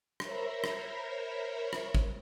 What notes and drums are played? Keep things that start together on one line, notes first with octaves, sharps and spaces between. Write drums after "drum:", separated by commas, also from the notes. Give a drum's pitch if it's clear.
A#4 C5 C#5 E5 A#5 B5, drum: rim click
drum: rim click
drum: rim click
drum: kick